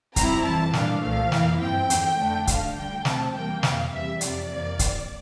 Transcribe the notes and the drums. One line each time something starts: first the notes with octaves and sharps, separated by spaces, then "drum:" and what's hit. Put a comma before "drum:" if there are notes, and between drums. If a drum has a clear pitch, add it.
F2 C3 G3 C4 E4 A#5, drum: kick, hi-hat
F2 E3 G3 A5
A#2 G3 D4 F5, drum: snare
C2 A#2 F3 A3 F5
F2 E3 A#3 E4, drum: snare
G2 F3 C4 G5
E2 D3 F3, drum: hi-hat
F2 D3 A3 D4
D2 D3 A3 F5, drum: kick, hi-hat
D2 D3 G3 G5
D2 C3 F3 C4 A5, drum: snare
E2 C3 G3 A#3 G5
F2 C3 E3 A#3 F5, drum: snare
E2 E3 G3 E5
F2 C3 F3 D5, drum: hi-hat
F2 E3 A#3
drum: kick, hi-hat